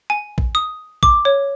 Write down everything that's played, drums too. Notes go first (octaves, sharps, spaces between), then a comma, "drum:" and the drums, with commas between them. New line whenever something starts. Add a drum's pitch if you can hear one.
G#5
drum: kick
D#6
D6, drum: kick
C#5